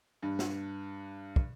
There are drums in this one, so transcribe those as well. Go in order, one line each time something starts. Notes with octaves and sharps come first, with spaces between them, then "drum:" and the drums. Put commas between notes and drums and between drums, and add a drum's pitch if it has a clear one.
G2
drum: snare
drum: kick